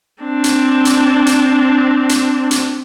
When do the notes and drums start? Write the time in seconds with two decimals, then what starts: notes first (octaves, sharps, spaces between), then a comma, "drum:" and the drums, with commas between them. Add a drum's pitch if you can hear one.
0.23 C4 D4
0.44 drum: hi-hat
0.85 drum: hi-hat
1.27 drum: hi-hat
2.09 drum: hi-hat
2.51 drum: hi-hat